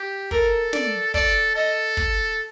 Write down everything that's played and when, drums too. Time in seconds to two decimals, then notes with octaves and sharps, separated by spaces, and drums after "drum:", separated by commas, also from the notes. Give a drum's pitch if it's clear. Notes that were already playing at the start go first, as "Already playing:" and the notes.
Already playing: G4
0.31 A4 A#4, drum: kick
0.73 D5, drum: snare
1.14 A4 D5, drum: kick
1.55 A4 D#5
1.97 drum: kick